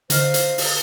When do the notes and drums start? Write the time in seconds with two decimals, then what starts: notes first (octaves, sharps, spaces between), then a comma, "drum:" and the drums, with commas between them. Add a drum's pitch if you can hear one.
0.10 D3 D#3 D#4 C5 F5, drum: hi-hat
0.34 drum: hi-hat
0.58 drum: open hi-hat